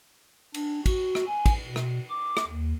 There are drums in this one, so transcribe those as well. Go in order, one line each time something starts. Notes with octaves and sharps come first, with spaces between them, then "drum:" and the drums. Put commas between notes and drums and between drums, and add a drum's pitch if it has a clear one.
D4, drum: cymbal
F#4, drum: kick, cymbal
drum: rim click
G#5
drum: kick, cymbal
B2
drum: rim click
D6
drum: rim click
D#2